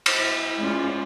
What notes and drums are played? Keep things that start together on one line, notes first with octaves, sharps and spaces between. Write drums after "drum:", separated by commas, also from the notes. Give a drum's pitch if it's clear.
drum: cymbal
E4
G#3 C#4 F4 D5